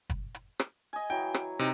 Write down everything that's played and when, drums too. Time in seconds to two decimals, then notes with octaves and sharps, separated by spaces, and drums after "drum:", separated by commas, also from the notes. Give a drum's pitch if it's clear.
0.10 drum: kick, hi-hat
0.35 drum: hi-hat
0.59 drum: rim click
0.93 D#5 G#5
1.10 E3 F#3 G5
1.34 drum: rim click
1.59 C3 D#4 G4